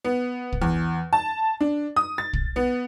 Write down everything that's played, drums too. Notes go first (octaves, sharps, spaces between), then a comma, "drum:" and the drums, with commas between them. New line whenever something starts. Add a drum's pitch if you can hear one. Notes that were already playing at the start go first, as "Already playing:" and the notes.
B3
drum: kick
E2
A5
D4
D#6
A6
drum: kick
B3